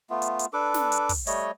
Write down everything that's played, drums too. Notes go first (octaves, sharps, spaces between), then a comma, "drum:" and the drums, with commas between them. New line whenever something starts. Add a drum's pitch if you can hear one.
A3 B3 F4
drum: hi-hat
drum: hi-hat
D4 A4 B4 D6
drum: snare
drum: hi-hat
drum: kick, open hi-hat
G3 A3 C#5 D#5, drum: hi-hat